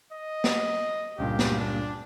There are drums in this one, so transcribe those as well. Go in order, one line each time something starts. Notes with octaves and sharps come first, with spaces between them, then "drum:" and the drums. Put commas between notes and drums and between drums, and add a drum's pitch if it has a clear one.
D#5
drum: snare
C#2 G2 A#2 G4
drum: snare
D4